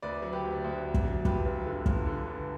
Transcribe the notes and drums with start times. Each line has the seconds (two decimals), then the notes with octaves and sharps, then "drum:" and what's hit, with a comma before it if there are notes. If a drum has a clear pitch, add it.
0.02 D2 B4 D5
0.22 F#3
0.33 G4 B4
0.44 D2
0.64 D2
0.85 D2
0.94 drum: kick
1.05 F#3
1.25 G1 G4 B4, drum: kick
1.45 G1
1.66 D3
1.86 G1, drum: kick
2.06 D3
2.27 G1